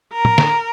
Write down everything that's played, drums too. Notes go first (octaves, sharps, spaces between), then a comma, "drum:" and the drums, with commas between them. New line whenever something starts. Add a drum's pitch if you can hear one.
A#4
drum: tom
drum: snare